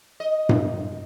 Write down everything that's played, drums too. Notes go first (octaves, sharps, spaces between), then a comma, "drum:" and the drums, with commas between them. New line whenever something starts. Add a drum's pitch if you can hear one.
D#5
drum: tom G2